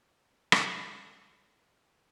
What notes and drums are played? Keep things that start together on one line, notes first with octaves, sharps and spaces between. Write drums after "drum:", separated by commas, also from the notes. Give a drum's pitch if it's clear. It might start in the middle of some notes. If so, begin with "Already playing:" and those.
drum: rim click
C#5 E5 A5 A#5
F#2 D#3 C4 B4 F#5
D#3 B3 C#4 F4